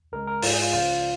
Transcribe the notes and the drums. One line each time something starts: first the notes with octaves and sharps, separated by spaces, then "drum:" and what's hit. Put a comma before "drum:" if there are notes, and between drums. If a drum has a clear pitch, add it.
C#2 C#3 G#3 A#4
A#4
G#2 F3 G#3 F4, drum: open hi-hat
G#4
F4
C#2 C#3 F3 F4